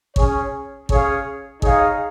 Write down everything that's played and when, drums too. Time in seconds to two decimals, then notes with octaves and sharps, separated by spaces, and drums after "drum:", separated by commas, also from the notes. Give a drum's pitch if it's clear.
0.16 C#4 G#4 C#5, drum: kick
0.89 C#4 G#4 C#5 F5, drum: kick
1.62 D#4 G#4 C#5 F5, drum: kick